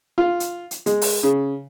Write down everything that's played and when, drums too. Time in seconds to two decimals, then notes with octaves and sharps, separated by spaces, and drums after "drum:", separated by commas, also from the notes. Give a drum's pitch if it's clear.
0.18 F4
0.40 drum: hi-hat
0.71 drum: hi-hat
0.86 G#3, drum: hi-hat
1.02 drum: open hi-hat
1.23 C#3